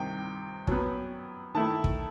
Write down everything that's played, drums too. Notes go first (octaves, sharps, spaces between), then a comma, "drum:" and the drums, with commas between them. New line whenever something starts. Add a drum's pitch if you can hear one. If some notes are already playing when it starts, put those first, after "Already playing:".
Already playing: C2 C3 D#3 G5
F#2 F#3 B3, drum: kick
D#3 A3 E4 A5
drum: kick